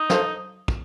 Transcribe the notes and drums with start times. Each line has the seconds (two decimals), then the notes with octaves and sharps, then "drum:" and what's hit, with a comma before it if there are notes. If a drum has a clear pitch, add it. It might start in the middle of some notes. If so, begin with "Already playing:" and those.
Already playing: D#4
0.10 A4 C5 F5, drum: snare
0.68 drum: kick